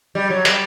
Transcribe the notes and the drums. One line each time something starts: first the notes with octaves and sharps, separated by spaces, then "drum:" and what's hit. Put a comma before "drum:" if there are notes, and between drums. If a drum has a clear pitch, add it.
G3
F#3
G3, drum: hi-hat